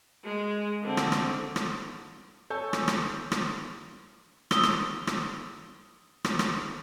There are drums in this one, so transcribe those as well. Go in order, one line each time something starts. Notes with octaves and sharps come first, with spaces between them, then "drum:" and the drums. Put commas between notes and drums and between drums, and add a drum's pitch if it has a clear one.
G#3
D3 C4
drum: rim click
drum: rim click
drum: rim click
A4 C#5 G#5 G6
drum: rim click
drum: rim click
drum: rim click
D#6 E6 G7, drum: rim click
drum: rim click
drum: rim click
drum: rim click
drum: rim click